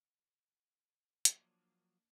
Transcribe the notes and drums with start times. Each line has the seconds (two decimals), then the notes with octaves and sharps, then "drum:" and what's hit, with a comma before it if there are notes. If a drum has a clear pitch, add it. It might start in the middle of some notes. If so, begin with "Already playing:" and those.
1.25 F3 F#3 A#3 D4 C#5, drum: hi-hat